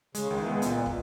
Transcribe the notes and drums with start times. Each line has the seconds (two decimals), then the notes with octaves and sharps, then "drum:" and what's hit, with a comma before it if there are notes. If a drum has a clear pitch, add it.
0.15 C#3 G#3, drum: hi-hat
0.27 C#2 D#3
0.38 E3
0.47 G#3 B3
0.62 C#2 A#2, drum: hi-hat
0.86 drum: kick